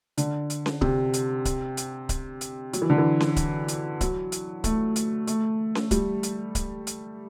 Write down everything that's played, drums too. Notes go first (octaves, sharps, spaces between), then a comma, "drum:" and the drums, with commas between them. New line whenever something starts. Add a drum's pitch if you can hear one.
D3, drum: hi-hat
drum: hi-hat
drum: snare C#4
C3, drum: kick C#1
drum: hi-hat
drum: kick C#1, hi-hat
drum: hi-hat
drum: kick C#1, hi-hat
drum: hi-hat
F#3, drum: hi-hat
E3
D3
E3
drum: snare C#4
drum: kick C#1, hi-hat
drum: hi-hat
F#3, drum: kick C#1, hi-hat
drum: hi-hat
A3, drum: kick C#1, hi-hat
drum: hi-hat
A3, drum: hi-hat
drum: snare C#4
G3, drum: kick C#1, hi-hat
drum: hi-hat
drum: kick C#1, hi-hat
drum: hi-hat